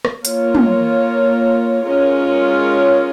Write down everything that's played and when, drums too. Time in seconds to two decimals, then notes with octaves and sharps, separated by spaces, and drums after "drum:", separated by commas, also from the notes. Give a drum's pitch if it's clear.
0.05 drum: rim click
0.25 A#3 F4 A#4 C#5, drum: hi-hat
0.55 drum: tom
1.84 G#3 C#4 F4 A#4 C#5